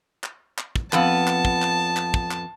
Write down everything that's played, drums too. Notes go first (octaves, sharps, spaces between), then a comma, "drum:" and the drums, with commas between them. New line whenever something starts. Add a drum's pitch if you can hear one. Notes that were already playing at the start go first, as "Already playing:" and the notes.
drum: clap
drum: clap
drum: kick
F2 B3 A5, drum: clap
drum: clap
drum: kick
drum: clap
drum: clap
drum: kick
drum: clap